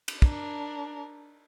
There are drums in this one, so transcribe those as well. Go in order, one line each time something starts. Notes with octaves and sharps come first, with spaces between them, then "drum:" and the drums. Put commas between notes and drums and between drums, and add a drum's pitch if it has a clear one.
drum: cymbal
D4 A#4, drum: kick